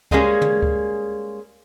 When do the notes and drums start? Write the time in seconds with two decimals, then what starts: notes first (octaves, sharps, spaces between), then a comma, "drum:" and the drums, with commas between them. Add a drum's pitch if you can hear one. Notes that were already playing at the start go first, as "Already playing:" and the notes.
0.11 G3 G#3 A#3 C#4 G#4, drum: kick C#2
0.41 drum: tom
0.62 drum: kick C#2